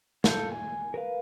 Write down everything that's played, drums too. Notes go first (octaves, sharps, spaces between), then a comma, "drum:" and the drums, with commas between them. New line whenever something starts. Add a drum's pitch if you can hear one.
F4 A4 G6, drum: snare
G#5
A#4 B4 F5